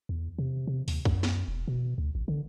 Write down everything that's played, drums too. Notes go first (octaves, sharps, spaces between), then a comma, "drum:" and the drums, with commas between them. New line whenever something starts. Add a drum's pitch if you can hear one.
E2
C3
C3
D#2, drum: open hi-hat
F#2, drum: kick B1
drum: snare
E1
B2
D2
A1
D3